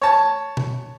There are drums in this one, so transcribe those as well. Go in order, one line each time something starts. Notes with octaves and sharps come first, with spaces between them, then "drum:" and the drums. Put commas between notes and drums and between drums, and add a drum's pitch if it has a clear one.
C#5 A5
drum: tom B2